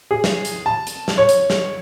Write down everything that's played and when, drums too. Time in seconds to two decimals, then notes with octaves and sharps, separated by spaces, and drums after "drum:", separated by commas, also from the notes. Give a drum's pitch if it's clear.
0.11 G#4
0.24 drum: snare
0.45 drum: hi-hat
0.66 A5
0.87 drum: hi-hat
1.08 drum: snare
1.18 C#5
1.29 drum: hi-hat
1.50 drum: snare